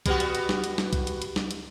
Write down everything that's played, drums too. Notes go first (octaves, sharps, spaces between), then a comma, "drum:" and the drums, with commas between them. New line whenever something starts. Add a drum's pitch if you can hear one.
G3 B3 F#4, drum: kick B1, hi-hat
drum: hi-hat
drum: hi-hat
drum: snare
drum: hi-hat
drum: snare
drum: kick B1, hi-hat
drum: hi-hat
drum: hi-hat
drum: snare
drum: hi-hat